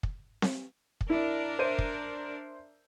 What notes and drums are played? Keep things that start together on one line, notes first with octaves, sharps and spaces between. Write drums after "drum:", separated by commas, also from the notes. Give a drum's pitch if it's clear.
drum: kick
drum: snare C4
drum: kick
D4 E4 A#4
C5 E5 D#7
drum: kick